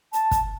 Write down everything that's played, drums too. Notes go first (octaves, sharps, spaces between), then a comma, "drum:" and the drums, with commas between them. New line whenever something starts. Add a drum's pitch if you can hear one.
A5, drum: hi-hat
drum: kick, hi-hat